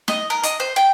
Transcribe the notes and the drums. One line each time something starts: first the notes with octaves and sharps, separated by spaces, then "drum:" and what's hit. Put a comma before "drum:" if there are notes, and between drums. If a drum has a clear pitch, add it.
D#5, drum: snare
A#4
D#5, drum: hi-hat
C5
G5